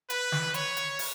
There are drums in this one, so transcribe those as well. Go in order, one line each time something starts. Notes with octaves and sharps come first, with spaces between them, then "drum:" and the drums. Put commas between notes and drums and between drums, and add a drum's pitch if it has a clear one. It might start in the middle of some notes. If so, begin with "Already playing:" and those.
B4, drum: hi-hat
drum: snare
C#5, drum: hi-hat
drum: hi-hat
drum: open hi-hat